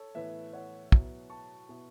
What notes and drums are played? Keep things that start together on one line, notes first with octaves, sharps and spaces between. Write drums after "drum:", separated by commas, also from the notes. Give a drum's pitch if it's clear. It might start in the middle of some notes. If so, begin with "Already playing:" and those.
Already playing: A4 C#5
A2 E3 B3 E4 B4 E5
C#5 F#5
B2 F#3 B3 E4, drum: kick
A5 C#6
B2 B3 E4